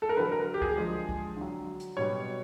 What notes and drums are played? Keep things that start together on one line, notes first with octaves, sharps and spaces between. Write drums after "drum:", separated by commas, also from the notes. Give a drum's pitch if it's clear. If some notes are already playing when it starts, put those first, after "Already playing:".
A4
A#4
D3 F#3 B4
A#4
G4
G#4, drum: kick C2
D3 F3 G#3
drum: kick C2
D3 F#3
drum: hi-hat
B2 G3 C#5